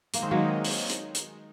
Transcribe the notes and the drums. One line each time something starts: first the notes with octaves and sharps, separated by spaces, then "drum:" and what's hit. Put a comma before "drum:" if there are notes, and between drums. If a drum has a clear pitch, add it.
D#3 G#3 A#3 D#4, drum: hi-hat
C4
F#3 A#3
drum: open hi-hat
drum: hi-hat
drum: hi-hat